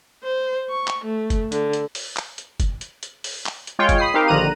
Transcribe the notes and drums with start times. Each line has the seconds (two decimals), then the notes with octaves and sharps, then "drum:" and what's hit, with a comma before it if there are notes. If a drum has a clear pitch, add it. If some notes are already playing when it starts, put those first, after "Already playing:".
0.24 C5
0.70 C#6
0.87 drum: clap
1.05 A3
1.30 drum: kick, hi-hat
1.52 D3, drum: hi-hat
1.73 drum: hi-hat
1.95 drum: open hi-hat
2.17 drum: clap
2.38 drum: hi-hat
2.60 drum: kick, hi-hat
2.81 drum: hi-hat
3.03 drum: hi-hat
3.24 drum: open hi-hat
3.46 drum: clap
3.67 drum: hi-hat
3.79 G#3 F4 C#5 G5
3.89 drum: kick, hi-hat
3.98 B5 D#6 C7
4.14 C4 D#4 G4 A#4 F5
4.28 A#1 D3 D#3 A#5 F#6 D#7